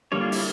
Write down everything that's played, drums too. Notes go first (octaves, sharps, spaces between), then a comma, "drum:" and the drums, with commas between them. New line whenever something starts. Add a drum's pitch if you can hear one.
D3 G3 A#3 C#5
F4
E4, drum: open hi-hat